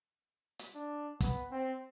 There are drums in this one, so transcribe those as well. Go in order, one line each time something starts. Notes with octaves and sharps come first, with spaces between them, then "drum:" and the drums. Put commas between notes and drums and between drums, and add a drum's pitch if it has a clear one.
drum: hi-hat
D4
B3, drum: kick, hi-hat
C4